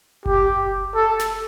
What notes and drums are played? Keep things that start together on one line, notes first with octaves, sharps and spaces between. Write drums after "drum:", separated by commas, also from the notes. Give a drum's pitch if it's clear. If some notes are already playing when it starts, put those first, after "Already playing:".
G4, drum: kick F#1
A4
drum: snare